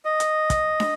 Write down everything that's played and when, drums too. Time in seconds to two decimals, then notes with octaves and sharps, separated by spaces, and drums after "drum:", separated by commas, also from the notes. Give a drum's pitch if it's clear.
0.05 D#5
0.20 drum: hi-hat
0.50 drum: kick, hi-hat
0.80 drum: snare